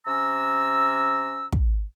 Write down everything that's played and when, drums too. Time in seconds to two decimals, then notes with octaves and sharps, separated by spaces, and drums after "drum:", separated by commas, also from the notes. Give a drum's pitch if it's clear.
0.06 C3 C#4 A#5 E6
1.52 drum: kick